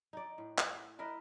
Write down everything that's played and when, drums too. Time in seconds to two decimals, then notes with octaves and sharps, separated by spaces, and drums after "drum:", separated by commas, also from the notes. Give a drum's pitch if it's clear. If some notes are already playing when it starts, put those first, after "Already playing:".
0.13 D#4 D5
0.38 A2
0.58 drum: clap
0.99 E4 A#4 B4 D#5